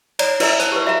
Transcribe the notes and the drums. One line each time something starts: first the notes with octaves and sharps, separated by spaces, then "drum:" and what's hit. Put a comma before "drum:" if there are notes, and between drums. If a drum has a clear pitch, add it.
C#5 D5 A#5, drum: cymbal
E4 B4 D5 E5 A#5 E6, drum: cymbal
C5 A5, drum: hi-hat
G4 B4
F#4 E5 F5 A#5